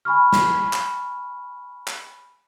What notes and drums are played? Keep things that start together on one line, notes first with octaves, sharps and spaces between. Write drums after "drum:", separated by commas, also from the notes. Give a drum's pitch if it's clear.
G#5 B5 C#6 F6
drum: snare
drum: clap
drum: clap